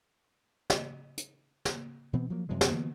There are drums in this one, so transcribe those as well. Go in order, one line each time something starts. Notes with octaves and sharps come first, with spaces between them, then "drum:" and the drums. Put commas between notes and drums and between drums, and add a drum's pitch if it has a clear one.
drum: snare
drum: hi-hat
drum: snare
B2 E3 B3 C4
F3 F#3 A#3
F#2 C3 F3 G#3
drum: snare
D#3 F3 B3